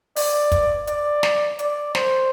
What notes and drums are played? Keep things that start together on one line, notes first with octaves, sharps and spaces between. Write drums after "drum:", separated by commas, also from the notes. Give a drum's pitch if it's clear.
D5, drum: open hi-hat
drum: kick, hi-hat
D5, drum: hi-hat
drum: snare
D5, drum: hi-hat
C5, drum: snare